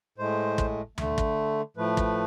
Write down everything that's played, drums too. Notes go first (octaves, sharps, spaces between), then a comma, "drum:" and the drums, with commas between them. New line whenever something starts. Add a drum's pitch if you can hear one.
A2 G#3 C5
drum: kick
D3 A3, drum: tom D2
drum: kick
A2 F3 A3 B4
drum: kick